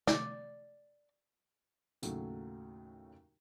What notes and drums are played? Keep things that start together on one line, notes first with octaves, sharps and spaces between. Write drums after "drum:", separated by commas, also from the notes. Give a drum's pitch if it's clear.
D5, drum: snare
D#2 A2 C#3 F#3 A3, drum: hi-hat